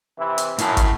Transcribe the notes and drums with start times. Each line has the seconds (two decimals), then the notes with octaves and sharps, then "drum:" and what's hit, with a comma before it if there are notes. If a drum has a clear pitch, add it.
0.18 C3 E3 E4
0.38 drum: hi-hat
0.58 F#2 A2 C#3 E4 A5, drum: hi-hat
0.77 drum: kick, hi-hat